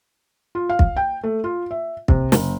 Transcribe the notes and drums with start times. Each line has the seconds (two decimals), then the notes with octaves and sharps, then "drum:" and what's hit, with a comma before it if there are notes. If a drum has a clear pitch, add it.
0.55 F4
0.69 F5
0.79 drum: kick
0.97 G5
1.23 A3
1.44 F4
1.71 E5
2.08 C3, drum: kick
2.32 F#1, drum: snare